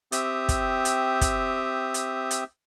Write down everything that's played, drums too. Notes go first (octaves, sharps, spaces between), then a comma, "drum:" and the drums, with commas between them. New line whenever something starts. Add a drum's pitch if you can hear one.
C4 G4 E5 D#6, drum: hi-hat
drum: kick, hi-hat
drum: hi-hat
drum: kick, hi-hat
drum: hi-hat
drum: hi-hat